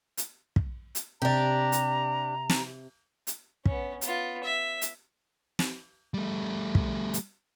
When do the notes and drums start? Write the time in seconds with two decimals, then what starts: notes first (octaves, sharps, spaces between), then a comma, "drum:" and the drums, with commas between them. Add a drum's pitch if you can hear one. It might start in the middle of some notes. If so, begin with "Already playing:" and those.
0.17 drum: hi-hat
0.56 drum: kick
0.95 drum: hi-hat
1.22 C3 D4 G4 A#5 A6
1.72 drum: hi-hat
2.49 drum: snare
3.27 drum: hi-hat
3.66 B3 C#4, drum: kick
4.01 B3 F4, drum: hi-hat
4.43 E5
4.82 drum: hi-hat
5.59 drum: snare
6.14 G3 A3
6.75 drum: kick
7.14 drum: hi-hat